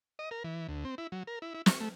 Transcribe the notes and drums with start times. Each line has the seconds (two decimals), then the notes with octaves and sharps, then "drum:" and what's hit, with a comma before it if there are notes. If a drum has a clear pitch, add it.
0.19 D#5
0.31 A#4
0.44 E3
0.69 D2
0.85 C4
0.98 E4
1.12 F#3
1.27 A#4
1.42 E4
1.54 E4
1.66 C#6, drum: snare
1.80 A3